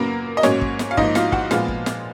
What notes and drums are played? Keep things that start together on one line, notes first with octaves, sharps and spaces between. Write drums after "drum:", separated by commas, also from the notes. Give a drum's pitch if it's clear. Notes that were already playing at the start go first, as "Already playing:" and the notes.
Already playing: F#2 C#3 F#3 A#3 B3 A#4
D#5
G#2 F#3 A#3 C#4 C#5, drum: snare
drum: kick
drum: snare
F5
G#2 F3 A#3 D#4 D#5, drum: kick
F4 F5, drum: snare
F#4 F#5, drum: kick
A#2 F3 G#3 B3 F4 F5, drum: snare
drum: kick
drum: snare